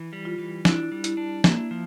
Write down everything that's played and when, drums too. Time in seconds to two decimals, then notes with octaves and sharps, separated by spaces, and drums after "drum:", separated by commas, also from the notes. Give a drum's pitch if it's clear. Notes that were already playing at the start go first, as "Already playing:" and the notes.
Already playing: E3
0.13 G3
0.25 F4
0.38 E3
0.65 D4 E4, drum: snare
0.92 G3
1.04 E4, drum: hi-hat
1.17 D4
1.44 A#3 E4, drum: snare
1.71 F3